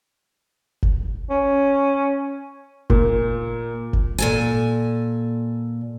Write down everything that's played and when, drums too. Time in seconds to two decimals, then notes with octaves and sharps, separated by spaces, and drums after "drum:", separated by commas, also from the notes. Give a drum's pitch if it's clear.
0.83 drum: kick F#1
1.30 C#4
2.90 A#2, drum: kick F#1
3.93 drum: kick F#1
4.18 A#2 A4 G#5